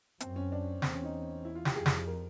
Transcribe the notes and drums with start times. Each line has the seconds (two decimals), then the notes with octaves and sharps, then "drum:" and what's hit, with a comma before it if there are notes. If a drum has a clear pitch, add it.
0.20 F#2 C4, drum: hi-hat
0.36 C#4
0.52 D4
0.82 E2 C4, drum: snare
0.93 C#4
1.04 D#4
1.45 E4
1.55 F4
1.65 G4, drum: snare
1.76 F2 G#4
1.86 drum: snare
2.07 A#4